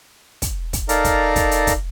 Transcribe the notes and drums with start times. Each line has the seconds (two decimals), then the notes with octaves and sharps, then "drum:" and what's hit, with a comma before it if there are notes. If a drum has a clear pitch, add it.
0.42 drum: kick, hi-hat
0.73 drum: kick, hi-hat
0.89 D#4 A4 A#4 D5 F5 A#5, drum: hi-hat
1.04 drum: kick, hi-hat
1.36 drum: kick, hi-hat
1.51 drum: hi-hat
1.67 drum: kick, hi-hat